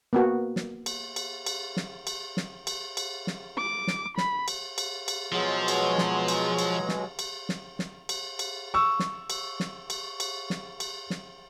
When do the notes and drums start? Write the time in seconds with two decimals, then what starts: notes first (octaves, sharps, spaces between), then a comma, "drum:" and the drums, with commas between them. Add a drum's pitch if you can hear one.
0.13 A#3 B3 F#4
0.56 drum: snare
0.86 drum: cymbal
1.16 drum: cymbal
1.46 drum: cymbal
1.77 drum: snare
2.07 drum: cymbal
2.37 drum: snare
2.67 drum: cymbal
2.97 drum: cymbal
3.27 drum: snare
3.58 D6
3.87 drum: snare
4.18 B5, drum: snare
4.48 drum: cymbal
4.78 drum: cymbal
5.08 drum: cymbal
5.32 B2 F3 F#3 G#3
5.68 drum: cymbal
5.98 drum: snare
6.28 drum: cymbal
6.59 drum: cymbal
6.89 drum: snare
7.19 drum: cymbal
7.49 drum: snare
7.79 drum: snare
8.09 drum: cymbal
8.39 drum: cymbal
8.74 C#6 E6
8.99 drum: snare
9.30 drum: cymbal
9.60 drum: snare
9.90 drum: cymbal
10.20 drum: cymbal
10.50 drum: snare
10.80 drum: cymbal
11.10 drum: snare